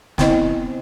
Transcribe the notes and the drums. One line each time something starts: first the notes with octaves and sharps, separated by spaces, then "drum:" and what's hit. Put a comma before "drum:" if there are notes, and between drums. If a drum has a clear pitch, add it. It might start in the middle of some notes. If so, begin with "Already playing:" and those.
B3 C4 E4 C5 D#5, drum: snare